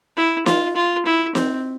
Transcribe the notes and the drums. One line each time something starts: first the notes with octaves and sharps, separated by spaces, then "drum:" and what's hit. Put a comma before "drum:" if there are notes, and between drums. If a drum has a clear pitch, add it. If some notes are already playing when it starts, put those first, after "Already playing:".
E4
F4, drum: snare
F4
E4
C4, drum: snare